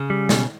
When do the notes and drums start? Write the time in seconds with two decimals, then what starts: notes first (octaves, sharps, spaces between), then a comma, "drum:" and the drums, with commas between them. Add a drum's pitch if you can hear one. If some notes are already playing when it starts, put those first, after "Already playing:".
Already playing: C#3
0.10 G3
0.29 B2, drum: snare